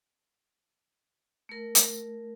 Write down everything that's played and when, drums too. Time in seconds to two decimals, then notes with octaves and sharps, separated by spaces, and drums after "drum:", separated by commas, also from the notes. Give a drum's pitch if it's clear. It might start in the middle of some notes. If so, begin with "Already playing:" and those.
1.49 A3 A#4
1.75 drum: hi-hat